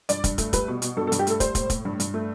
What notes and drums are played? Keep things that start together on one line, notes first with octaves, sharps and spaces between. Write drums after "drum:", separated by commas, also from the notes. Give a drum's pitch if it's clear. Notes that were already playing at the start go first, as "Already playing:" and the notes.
G2 D5, drum: hi-hat
G2, drum: kick, hi-hat
A3, drum: kick, hi-hat
G3 B4, drum: kick, hi-hat
B2
B2, drum: hi-hat
G2 A4
A4
G2, drum: hi-hat
G4
A3 A4, drum: hi-hat
G3 C5, drum: kick, hi-hat
A2, drum: kick, hi-hat
A2, drum: kick, hi-hat
G2
G2, drum: hi-hat
A3